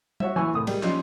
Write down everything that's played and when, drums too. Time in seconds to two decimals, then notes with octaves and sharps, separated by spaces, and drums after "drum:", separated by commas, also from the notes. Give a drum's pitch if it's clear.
0.20 F#4 C#5 E5, drum: tom G3
0.36 E3 G#5 C#6
0.54 C2 A2 D#6
0.67 G3 G#3 A#3 G4, drum: cymbal
0.83 F3 G3 C#4 D#4 F4, drum: clap